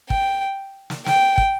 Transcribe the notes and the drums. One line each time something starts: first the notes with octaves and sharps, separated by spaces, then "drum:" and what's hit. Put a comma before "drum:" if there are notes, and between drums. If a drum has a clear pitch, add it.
G5, drum: kick
drum: snare
G5, drum: snare
drum: kick